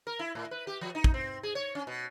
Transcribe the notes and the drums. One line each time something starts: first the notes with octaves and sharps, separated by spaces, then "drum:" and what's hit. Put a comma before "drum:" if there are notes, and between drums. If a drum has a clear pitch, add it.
A#4
E4
A2
B4
G4
F3
D#4
drum: kick
C4
G#4
C#5
C#4
B2